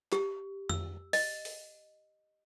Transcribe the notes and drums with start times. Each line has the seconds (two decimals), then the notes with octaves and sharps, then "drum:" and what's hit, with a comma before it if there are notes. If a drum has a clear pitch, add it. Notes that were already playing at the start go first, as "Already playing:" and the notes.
0.12 G4, drum: clap
0.69 E6, drum: tom F2
1.13 D#5, drum: open hi-hat
1.45 drum: open hi-hat